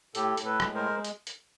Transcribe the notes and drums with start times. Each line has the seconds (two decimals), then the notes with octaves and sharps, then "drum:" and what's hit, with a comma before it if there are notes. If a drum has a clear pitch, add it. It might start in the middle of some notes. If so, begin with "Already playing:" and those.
0.15 A2 G4 A4, drum: hi-hat
0.37 A2, drum: hi-hat
0.44 A4 B4
0.60 G#3, drum: rim click
0.75 A#4 C5
1.04 drum: hi-hat
1.27 drum: hi-hat